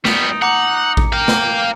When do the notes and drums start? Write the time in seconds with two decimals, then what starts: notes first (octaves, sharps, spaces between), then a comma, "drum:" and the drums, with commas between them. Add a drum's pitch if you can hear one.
0.05 G3 B3 D#4, drum: snare
0.42 F#5 A#5 D6 C#7
0.97 drum: kick A1
1.13 A#4 F5 G5
1.28 drum: snare